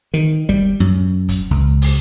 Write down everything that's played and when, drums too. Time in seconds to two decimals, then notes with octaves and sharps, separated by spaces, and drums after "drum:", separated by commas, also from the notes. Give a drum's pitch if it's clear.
0.14 D#3
0.49 G3, drum: kick F#1
0.80 F#2
1.29 drum: kick F#1, hi-hat
1.51 C#2
1.82 drum: open hi-hat